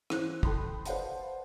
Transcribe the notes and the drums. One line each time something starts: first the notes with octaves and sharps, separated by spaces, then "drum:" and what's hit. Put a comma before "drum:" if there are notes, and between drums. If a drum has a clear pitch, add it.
E3 C#4 C5 F#6, drum: rim click
A4 G5 A5 B5 C6 D#6, drum: kick
B4 C5 D5 F5 F#5 A5, drum: hi-hat